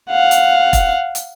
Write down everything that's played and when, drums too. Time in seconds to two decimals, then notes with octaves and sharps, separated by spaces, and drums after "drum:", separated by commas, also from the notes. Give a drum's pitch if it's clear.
0.10 F5 F#5
0.31 drum: hi-hat
0.73 drum: kick E1, hi-hat
1.15 drum: hi-hat